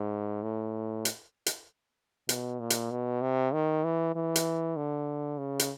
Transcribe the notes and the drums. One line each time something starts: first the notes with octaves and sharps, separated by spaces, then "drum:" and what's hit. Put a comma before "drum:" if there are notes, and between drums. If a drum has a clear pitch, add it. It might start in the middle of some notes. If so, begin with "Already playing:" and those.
Already playing: G#2
A2
drum: hi-hat
drum: hi-hat
B2, drum: hi-hat
A#2
drum: hi-hat
B2
C3
D#3
E3
E3
drum: hi-hat
D3
C#3
drum: hi-hat